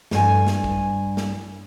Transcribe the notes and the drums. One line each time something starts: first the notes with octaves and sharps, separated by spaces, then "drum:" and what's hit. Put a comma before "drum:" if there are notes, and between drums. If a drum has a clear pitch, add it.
G2 B4 G#5, drum: snare
drum: snare
drum: kick
drum: snare